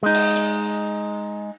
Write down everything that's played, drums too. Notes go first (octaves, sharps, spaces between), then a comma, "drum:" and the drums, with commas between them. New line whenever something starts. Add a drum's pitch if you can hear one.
G#3 D#4
drum: cymbal
drum: hi-hat